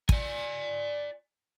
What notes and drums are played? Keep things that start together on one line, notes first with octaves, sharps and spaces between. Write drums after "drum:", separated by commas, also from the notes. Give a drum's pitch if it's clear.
D5 G#5, drum: kick